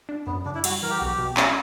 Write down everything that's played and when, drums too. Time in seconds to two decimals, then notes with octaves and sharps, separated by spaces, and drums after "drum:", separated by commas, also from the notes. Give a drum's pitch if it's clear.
0.09 D4
0.27 F#2 B3
0.45 C#3 D4
0.55 E4
0.64 G3 F#4, drum: cymbal
0.82 E3 A#4
0.90 G4
0.99 B1 F#4
1.07 G4
1.19 B2
1.37 C#4, drum: clap